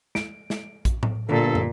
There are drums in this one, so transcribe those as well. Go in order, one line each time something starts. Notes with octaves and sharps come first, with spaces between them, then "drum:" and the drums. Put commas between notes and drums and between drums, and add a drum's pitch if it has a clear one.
D7, drum: snare
drum: snare
drum: kick A#1, hi-hat
drum: tom A2
G1 A#2 D3 A4
drum: tom